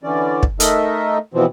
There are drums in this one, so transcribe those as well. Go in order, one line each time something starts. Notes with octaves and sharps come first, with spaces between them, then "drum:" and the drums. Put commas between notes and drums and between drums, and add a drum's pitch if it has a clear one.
D3 E3 C#4 D5
drum: kick
A3 D#4 A4 A#4 D#5 E5, drum: hi-hat
B2 E3 F3 C4